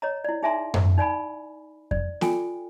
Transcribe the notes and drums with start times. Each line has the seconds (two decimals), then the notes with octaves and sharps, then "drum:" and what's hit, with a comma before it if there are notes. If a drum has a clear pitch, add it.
0.02 C#5 D#5 A#5
0.24 E4 D5
0.43 D#4 G#4 E5 G#5 A#5 C6
0.74 drum: tom F#2
0.98 D#4 D5 G#5 B5
1.91 D5, drum: kick F2
2.21 F4 A4 G5 G#5, drum: snare B3